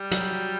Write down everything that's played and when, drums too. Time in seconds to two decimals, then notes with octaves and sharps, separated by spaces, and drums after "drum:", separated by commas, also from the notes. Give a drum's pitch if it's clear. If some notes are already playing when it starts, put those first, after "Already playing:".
Already playing: G3
0.11 F#3, drum: hi-hat